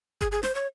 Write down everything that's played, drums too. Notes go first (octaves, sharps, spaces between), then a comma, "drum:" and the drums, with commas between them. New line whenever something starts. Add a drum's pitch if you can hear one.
G#4, drum: kick G1
G#4
C5, drum: snare
C#5